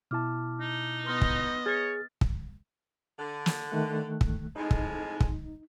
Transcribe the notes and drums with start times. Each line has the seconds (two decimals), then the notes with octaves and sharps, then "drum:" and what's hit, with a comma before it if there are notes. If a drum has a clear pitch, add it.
0.11 B2 E4 A5 D6 F6
0.60 D#4
1.06 B3 D#5 C6 F6
1.22 drum: kick
1.66 G#4 C#5 F6 A6
2.21 drum: kick
3.19 D3
3.46 drum: snare
3.71 D#3 A3 F#6
4.21 drum: kick
4.56 F2 A2 G#3 D#4
4.71 drum: kick
5.20 drum: kick